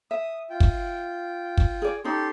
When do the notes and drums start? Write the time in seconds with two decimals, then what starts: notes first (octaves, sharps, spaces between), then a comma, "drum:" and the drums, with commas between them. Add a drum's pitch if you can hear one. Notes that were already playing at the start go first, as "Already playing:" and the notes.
0.11 E5 D#6
0.50 F4 G5
0.60 drum: kick
1.58 drum: kick
1.82 G#4 D5
2.04 C#4 D#4 G4 A4 C6